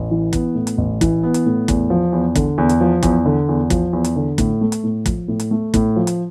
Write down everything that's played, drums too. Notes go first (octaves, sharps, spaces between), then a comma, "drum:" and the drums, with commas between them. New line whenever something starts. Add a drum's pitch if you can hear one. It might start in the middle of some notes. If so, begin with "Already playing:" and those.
Already playing: A1
E3
B3, drum: kick, hi-hat
A2
drum: hi-hat
A1
E3, drum: kick, hi-hat
B3
drum: hi-hat
A2
E2, drum: kick, hi-hat
F3
E2
D3, drum: kick, hi-hat
E2
drum: hi-hat
F3
E2, drum: kick, hi-hat
D3
E2
F3, drum: kick, hi-hat
E2
drum: hi-hat
D3
A2, drum: kick, hi-hat
A3
drum: hi-hat
A2
F3, drum: kick, hi-hat
A2
drum: hi-hat
A3
A2, drum: kick, hi-hat
F3
drum: hi-hat